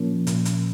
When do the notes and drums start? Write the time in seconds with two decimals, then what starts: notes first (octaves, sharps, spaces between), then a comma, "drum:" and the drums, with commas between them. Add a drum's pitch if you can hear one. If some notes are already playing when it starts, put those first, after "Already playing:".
Already playing: A#2 F3 A#3 C#4
0.27 A#2, drum: hi-hat
0.45 drum: hi-hat